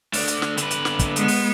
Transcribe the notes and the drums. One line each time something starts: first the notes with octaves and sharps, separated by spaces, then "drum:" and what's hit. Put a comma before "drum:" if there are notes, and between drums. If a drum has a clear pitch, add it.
A3 D4, drum: open hi-hat
drum: hi-hat
drum: snare
D3 B4, drum: hi-hat
drum: hi-hat
drum: snare
drum: kick, hi-hat
G#3 B3, drum: hi-hat
drum: open hi-hat